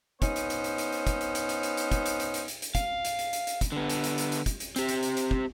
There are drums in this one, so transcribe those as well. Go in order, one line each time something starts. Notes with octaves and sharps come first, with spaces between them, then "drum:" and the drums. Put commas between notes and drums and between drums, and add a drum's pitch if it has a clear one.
B3 C#4 D#4 C5, drum: kick, hi-hat
drum: hi-hat
drum: hi-hat
drum: hi-hat
drum: hi-hat
drum: hi-hat
drum: kick, hi-hat
drum: hi-hat
drum: hi-hat
drum: hi-hat
drum: hi-hat
drum: hi-hat
drum: kick, hi-hat
drum: hi-hat
drum: hi-hat
drum: hi-hat
drum: hi-hat
drum: hi-hat
F5, drum: kick, hi-hat
drum: hi-hat
drum: hi-hat
drum: hi-hat
drum: hi-hat
drum: kick, hi-hat
D3 B3
drum: hi-hat
drum: hi-hat
drum: hi-hat
drum: hi-hat
drum: kick, hi-hat
drum: hi-hat
C4 G4, drum: hi-hat
drum: hi-hat
drum: hi-hat
drum: hi-hat
drum: kick